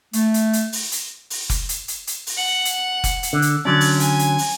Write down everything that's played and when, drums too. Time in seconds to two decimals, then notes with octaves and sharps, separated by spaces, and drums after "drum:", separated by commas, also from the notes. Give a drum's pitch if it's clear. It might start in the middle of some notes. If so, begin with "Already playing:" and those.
0.13 A3, drum: hi-hat
0.34 drum: hi-hat
0.53 drum: hi-hat
0.73 drum: open hi-hat
0.92 drum: hi-hat
1.30 drum: open hi-hat
1.50 drum: kick F1, hi-hat
1.69 drum: hi-hat
1.88 drum: hi-hat
2.07 drum: hi-hat
2.27 drum: open hi-hat
2.37 F#5
2.65 drum: hi-hat
3.04 drum: kick F1, hi-hat
3.23 drum: hi-hat
3.33 D3
3.42 drum: hi-hat
3.65 D3 F#3 C#4 D5
3.81 drum: open hi-hat
4.00 G#5, drum: hi-hat
4.19 drum: hi-hat
4.38 drum: open hi-hat